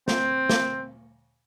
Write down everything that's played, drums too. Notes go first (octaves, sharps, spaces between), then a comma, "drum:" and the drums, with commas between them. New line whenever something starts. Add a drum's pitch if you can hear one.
C4, drum: snare
drum: snare